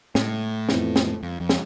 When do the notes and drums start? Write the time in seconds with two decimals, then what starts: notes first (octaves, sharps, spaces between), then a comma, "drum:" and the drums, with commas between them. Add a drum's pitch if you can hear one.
0.15 A2, drum: snare
0.69 F2 E3 B3 E4, drum: snare
0.96 drum: snare
1.23 F2
1.40 F2
1.49 drum: snare